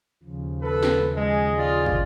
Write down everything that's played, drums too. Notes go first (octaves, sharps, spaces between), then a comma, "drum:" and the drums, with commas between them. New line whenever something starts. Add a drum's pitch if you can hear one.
D#2 C#3 F3
A4 B4
drum: snare
G#3 G#4 D#5
F4 D5
drum: kick